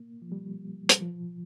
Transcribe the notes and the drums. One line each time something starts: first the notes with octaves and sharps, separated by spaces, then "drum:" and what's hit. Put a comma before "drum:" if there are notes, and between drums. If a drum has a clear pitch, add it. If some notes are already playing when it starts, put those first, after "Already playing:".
Already playing: A#3
F3
G3
G3, drum: hi-hat
F3